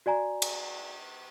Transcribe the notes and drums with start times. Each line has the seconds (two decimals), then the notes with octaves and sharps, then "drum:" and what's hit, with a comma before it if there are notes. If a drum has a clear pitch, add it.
0.06 F#4 D5 G#5 A#5
0.42 drum: cymbal